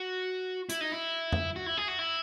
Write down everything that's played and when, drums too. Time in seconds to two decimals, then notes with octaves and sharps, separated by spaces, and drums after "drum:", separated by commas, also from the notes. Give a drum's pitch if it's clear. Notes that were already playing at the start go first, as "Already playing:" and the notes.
Already playing: F#4
0.69 E4, drum: hi-hat
0.81 D#4
0.92 E4
1.32 drum: tom F2
1.56 F#4
1.66 E4
1.77 G#4
1.88 F#4
1.99 E4